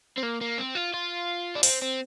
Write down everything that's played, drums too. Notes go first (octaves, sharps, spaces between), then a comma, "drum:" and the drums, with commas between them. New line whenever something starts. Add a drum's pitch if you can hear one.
C4
A#3
A#3
C4
F4
F4
D4
C4, drum: open hi-hat
C4